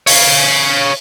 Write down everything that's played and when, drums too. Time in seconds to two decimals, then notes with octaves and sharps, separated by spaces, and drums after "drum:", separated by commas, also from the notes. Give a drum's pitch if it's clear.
0.07 C#5 F5, drum: open hi-hat